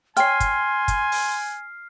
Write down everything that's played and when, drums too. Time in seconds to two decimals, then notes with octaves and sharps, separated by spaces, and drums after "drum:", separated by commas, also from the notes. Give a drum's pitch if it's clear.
0.17 C#5 G5 G#5 C6 F6 C7, drum: hi-hat
0.40 drum: kick, hi-hat
0.88 drum: kick, hi-hat
1.12 drum: open hi-hat